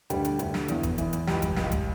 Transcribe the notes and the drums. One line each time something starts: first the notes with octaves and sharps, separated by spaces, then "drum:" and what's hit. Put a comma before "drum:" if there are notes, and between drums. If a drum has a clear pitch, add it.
D2 G3 G4, drum: hi-hat
drum: hi-hat
D2, drum: hi-hat
drum: snare
E2, drum: hi-hat
drum: kick F#1, hi-hat
E3, drum: hi-hat
drum: hi-hat
C#2 G3 G4, drum: snare
drum: kick F#1, hi-hat
C#2, drum: snare
drum: kick F#1, hi-hat